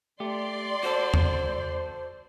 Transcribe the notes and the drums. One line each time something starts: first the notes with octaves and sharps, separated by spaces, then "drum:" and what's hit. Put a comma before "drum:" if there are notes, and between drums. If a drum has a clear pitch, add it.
A3 G4 D5 C6
F#4 A4 C5
drum: tom E2